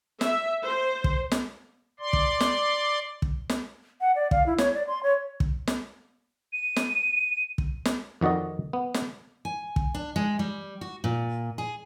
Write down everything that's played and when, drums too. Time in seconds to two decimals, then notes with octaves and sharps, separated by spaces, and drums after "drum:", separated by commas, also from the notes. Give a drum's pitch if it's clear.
0.21 E5, drum: snare
0.65 C5
1.04 drum: kick
1.32 drum: snare
2.00 D5 C6
2.13 drum: kick
2.40 drum: snare
3.22 drum: kick
3.49 drum: snare
4.01 F#5
4.15 D5
4.31 F5, drum: kick
4.46 E4
4.58 C#5, drum: snare
4.75 D5
4.87 C6
5.03 C#5
5.40 drum: kick
5.67 drum: snare
6.53 D#7
6.76 drum: snare
7.58 drum: kick
7.85 drum: snare
8.21 F2 D#3 F#4 D5 D#5
8.73 B3
8.94 drum: snare
9.45 G#5
9.76 drum: kick
9.94 D4
10.16 G#3
10.39 G3
10.81 F#4
11.04 A#2
11.58 G#4